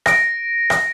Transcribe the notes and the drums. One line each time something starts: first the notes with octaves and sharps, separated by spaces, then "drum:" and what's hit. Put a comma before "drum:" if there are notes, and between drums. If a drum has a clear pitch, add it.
A#6 D7, drum: rim click
drum: rim click